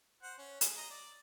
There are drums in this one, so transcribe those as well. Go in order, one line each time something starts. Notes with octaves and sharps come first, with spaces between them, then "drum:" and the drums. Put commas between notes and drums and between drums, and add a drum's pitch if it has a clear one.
C5 F#5
C#4
G#4, drum: hi-hat
D#5 A#5
D5